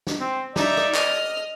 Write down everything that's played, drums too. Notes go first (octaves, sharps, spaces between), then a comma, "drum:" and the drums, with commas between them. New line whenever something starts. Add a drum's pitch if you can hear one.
drum: snare
C4
D#4 D5 E5, drum: snare
drum: rim click
D#5 F6, drum: clap